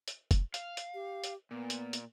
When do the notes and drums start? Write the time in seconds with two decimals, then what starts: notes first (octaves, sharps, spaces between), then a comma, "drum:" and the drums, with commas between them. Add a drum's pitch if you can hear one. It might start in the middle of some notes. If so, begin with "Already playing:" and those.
0.08 drum: hi-hat
0.31 drum: kick F1, hi-hat
0.54 F5, drum: hi-hat
0.77 drum: hi-hat
0.94 G4
1.24 drum: hi-hat
1.51 A#2 B3
1.70 drum: hi-hat
1.93 drum: hi-hat